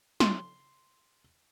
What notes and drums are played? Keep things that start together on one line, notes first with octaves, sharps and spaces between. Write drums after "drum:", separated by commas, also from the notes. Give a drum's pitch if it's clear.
C6, drum: snare